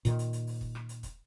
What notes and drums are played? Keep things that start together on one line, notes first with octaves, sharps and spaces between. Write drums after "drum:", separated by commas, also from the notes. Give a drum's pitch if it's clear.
A#2 D#3, drum: hi-hat
drum: hi-hat
drum: hi-hat
drum: open hi-hat
drum: kick
drum: rim click
drum: hi-hat
drum: kick, hi-hat